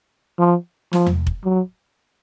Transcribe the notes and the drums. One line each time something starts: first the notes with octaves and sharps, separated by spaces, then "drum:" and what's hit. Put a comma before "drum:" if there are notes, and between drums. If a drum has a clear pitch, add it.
F3
F3, drum: snare
drum: tom E2
drum: kick F1
F#3